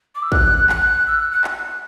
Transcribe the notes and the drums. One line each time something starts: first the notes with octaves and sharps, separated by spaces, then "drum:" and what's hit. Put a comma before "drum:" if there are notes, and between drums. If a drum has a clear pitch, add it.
D6
E6
F#6, drum: kick
F#6, drum: clap
E6
F#6
F#6
drum: clap